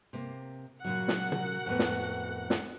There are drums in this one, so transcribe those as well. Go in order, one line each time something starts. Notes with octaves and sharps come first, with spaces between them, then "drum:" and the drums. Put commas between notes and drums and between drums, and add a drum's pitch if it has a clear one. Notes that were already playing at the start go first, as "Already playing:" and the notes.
C3 A#3
A#2 C#3 F#3 F#4 A#4 F#5
drum: snare
drum: tom
F2 A2 B3
drum: snare
drum: snare